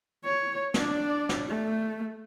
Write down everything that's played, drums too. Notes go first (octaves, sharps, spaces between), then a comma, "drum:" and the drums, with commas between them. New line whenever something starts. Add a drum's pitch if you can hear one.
C#5
D4 D5, drum: snare
drum: snare
A3